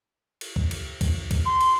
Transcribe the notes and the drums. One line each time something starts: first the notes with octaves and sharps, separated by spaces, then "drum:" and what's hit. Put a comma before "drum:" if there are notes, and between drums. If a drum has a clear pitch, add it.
drum: cymbal
drum: kick C#2
drum: cymbal
drum: kick C#2, cymbal
drum: kick C#2, cymbal
C6
drum: cymbal